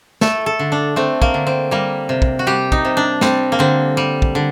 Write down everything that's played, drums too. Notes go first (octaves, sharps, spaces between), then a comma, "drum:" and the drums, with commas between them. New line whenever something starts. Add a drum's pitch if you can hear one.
A3 A4, drum: snare
A4
D3
D4
A3 C4
A#3, drum: kick
D3
C4
G3 A#3
C3
drum: kick
F#4
G3 G4
D#4, drum: kick
C3
D4
G3 C4, drum: snare
A#3
D3 C4
G3
drum: kick
D3